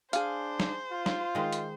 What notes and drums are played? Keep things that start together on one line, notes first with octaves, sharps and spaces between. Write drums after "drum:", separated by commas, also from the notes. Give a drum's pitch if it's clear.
D4 G#4 C5 F5, drum: hi-hat
drum: snare
F4
drum: snare
D#3 G#3
drum: hi-hat